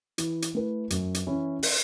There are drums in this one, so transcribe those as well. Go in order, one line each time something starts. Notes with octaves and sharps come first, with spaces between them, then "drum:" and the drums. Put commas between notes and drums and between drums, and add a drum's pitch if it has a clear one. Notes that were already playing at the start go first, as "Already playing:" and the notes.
E3, drum: hi-hat
drum: hi-hat
A3 E4 B4
F#2, drum: hi-hat
drum: hi-hat
E3 C#4 E4
drum: open hi-hat